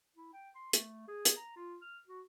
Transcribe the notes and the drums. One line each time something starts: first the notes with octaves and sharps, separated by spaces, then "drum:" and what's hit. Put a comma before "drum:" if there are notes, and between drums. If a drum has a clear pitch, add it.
E4
G5
C6
A3, drum: hi-hat
G#4
drum: hi-hat
A#5
F4
F6
F#4